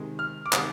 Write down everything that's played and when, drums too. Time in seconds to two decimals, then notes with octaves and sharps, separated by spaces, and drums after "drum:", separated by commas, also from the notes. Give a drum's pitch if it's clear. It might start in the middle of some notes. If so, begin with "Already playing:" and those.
Already playing: C3 D#3 G#3
0.19 F6
0.46 D6
0.53 C3 D#3 G#3 D#6, drum: clap